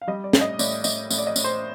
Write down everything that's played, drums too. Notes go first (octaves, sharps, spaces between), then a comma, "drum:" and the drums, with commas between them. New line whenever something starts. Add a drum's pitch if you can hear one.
F5
G3 D#5
D5
A2, drum: snare
D#5
A2 D5, drum: tambourine
A2 D#5, drum: tambourine
A2, drum: tambourine
D5
D#5
A2, drum: tambourine
C5